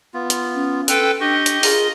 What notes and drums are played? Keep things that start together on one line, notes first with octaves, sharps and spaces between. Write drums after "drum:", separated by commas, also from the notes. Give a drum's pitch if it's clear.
B3 F4
drum: hi-hat
C#4
A4 B4 G5, drum: hi-hat
D4 G4 D#5 G5 C#6
drum: hi-hat
F4 G#4 A#4, drum: open hi-hat